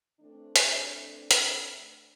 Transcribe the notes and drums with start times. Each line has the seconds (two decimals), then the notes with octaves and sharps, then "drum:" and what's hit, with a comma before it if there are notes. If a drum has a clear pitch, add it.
0.21 E3 A3 C4 D4
0.56 drum: hi-hat
1.31 drum: hi-hat